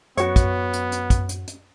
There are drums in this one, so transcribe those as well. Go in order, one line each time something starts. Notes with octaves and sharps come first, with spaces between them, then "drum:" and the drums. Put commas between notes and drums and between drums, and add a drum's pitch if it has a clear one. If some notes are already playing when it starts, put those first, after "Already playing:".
F#2 B3 F#4 C#5, drum: hi-hat
drum: kick, hi-hat
drum: hi-hat
drum: hi-hat
drum: kick, hi-hat
drum: hi-hat
drum: hi-hat